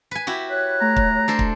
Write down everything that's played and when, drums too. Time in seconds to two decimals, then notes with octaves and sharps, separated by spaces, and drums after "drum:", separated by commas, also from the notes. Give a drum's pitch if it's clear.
0.11 B4 G#5
0.27 E4 F#4 G4
0.49 C#5 F#6
0.81 A3 A#5
0.96 drum: kick
1.28 D4 A4 C5
1.39 drum: kick